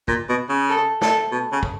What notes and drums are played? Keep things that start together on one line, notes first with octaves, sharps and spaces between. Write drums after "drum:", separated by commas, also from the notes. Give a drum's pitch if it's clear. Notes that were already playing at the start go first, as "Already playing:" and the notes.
A#2, drum: kick
B2
C#3
A4
A4, drum: snare
B2
C#3
drum: kick